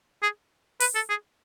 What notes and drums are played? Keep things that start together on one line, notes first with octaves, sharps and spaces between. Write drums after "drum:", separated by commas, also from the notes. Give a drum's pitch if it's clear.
G#4
B4, drum: open hi-hat
A4
G#4